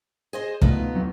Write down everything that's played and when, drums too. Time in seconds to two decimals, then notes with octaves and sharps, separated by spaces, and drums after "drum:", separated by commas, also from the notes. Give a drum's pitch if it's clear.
0.33 G#4 C5 D#5
0.62 C#2 B2 A3 B3 D#4 F4, drum: kick
0.94 D#1 F#3 C4